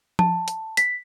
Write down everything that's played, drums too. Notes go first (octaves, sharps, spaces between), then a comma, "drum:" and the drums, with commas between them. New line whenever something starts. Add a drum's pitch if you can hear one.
A5, drum: tom F3
drum: hi-hat
B6, drum: hi-hat